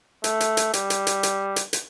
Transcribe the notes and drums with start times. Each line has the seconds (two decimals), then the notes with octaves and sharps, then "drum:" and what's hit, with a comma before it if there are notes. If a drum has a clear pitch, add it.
0.24 A3, drum: hi-hat
0.40 drum: hi-hat
0.57 drum: hi-hat
0.73 G3, drum: hi-hat
0.90 drum: hi-hat
1.07 drum: hi-hat
1.23 drum: hi-hat
1.56 drum: hi-hat
1.73 drum: hi-hat